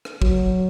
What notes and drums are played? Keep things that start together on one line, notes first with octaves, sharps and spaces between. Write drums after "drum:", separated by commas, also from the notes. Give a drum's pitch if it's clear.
drum: rim click
F#3, drum: kick